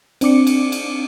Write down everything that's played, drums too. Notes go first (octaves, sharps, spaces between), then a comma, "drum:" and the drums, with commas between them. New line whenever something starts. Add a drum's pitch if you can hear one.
C4 D4 D6 C#7, drum: cymbal
drum: cymbal
drum: cymbal